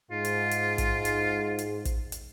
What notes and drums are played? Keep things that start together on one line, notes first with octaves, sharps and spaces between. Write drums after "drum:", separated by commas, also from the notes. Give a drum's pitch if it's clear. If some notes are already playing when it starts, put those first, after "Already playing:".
G#2 F4
drum: hi-hat
drum: hi-hat
drum: kick, hi-hat
drum: hi-hat
drum: hi-hat
drum: kick, hi-hat
drum: hi-hat